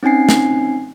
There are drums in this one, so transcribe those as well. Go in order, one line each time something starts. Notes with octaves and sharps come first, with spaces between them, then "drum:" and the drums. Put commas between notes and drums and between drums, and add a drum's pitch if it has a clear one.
C4 C#4 D#4 G#5 C7
drum: snare